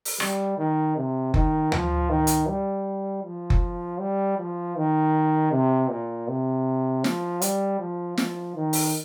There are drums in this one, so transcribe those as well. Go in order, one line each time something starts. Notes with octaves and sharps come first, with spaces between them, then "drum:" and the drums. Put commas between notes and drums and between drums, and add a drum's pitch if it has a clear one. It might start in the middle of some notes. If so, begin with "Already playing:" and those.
drum: open hi-hat
G3, drum: rim click
D#3
C3
D#3, drum: kick F#1
F3, drum: tom D2
D#3
drum: hi-hat
G3
F3
drum: kick F#1
G3
F3
D#3
C3
A#2
C3
F3, drum: snare
G3, drum: hi-hat
F3
F3, drum: snare
D#3
drum: open hi-hat